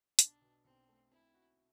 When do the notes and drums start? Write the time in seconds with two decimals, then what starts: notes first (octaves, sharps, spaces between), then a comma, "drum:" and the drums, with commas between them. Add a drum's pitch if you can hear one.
0.19 B1 D4, drum: hi-hat
0.41 B2
0.64 B1 C4
0.89 A3
1.11 C4 E4
1.34 F#4